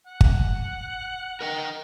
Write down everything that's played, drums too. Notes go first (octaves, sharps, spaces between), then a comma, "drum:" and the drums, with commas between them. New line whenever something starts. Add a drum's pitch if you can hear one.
F#5
drum: kick G1
A#4 D#5 G5